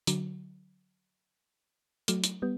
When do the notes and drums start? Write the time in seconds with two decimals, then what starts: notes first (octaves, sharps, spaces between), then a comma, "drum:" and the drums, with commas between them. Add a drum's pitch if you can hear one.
0.07 D3 F#3, drum: hi-hat
2.08 F#3 A3, drum: hi-hat
2.24 drum: hi-hat
2.42 G3 B3